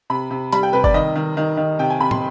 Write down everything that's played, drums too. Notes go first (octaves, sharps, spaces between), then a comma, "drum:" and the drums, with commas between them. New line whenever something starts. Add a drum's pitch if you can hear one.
C3 B5
C3
G3 B5, drum: hi-hat
G5
C3 B4
D5, drum: kick
D#3 D#5
D#3
D#3
D#3
C3 G5
G#5
C3 B5
C6, drum: tom